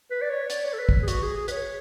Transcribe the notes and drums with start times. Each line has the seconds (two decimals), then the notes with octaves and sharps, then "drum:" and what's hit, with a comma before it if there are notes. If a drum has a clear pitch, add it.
0.11 B4
0.22 D5
0.30 C#5
0.50 D5, drum: hi-hat
0.65 C#5
0.73 A4
0.79 B4
0.89 drum: kick
1.03 G#4
1.08 F#4, drum: hi-hat
1.23 G#4
1.37 G#4
1.48 B4, drum: hi-hat
1.52 C#5